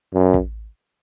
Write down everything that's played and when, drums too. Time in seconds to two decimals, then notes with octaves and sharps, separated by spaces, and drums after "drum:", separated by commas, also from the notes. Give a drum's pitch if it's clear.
0.14 F#2
0.34 drum: kick